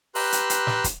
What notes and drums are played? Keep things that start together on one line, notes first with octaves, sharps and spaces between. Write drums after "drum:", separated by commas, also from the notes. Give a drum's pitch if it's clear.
G4 B4 A#5 C6 E6 F#6, drum: open hi-hat
drum: hi-hat
drum: hi-hat
drum: snare
drum: kick, hi-hat